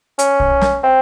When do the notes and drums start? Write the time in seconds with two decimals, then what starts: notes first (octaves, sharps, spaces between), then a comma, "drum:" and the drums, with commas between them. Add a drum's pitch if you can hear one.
0.19 C#4, drum: hi-hat
0.40 drum: kick
0.61 drum: snare
0.83 C4